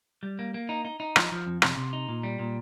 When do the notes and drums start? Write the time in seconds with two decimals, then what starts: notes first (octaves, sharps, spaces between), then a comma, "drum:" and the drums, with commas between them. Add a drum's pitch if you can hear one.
0.23 G3
0.39 A#3
0.54 A#3
0.69 D#4
0.85 D#4
1.00 D#4
1.16 F3, drum: rim click
1.32 F3
1.47 F2
1.62 C3, drum: rim click
1.77 C3
1.93 D#4
2.09 A#2
2.23 G3
2.39 A#2